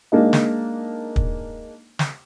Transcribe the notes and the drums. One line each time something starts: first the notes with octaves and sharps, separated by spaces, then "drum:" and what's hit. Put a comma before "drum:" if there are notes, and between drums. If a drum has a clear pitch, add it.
G#3 A#3 D4 D#4
drum: snare
drum: kick
drum: snare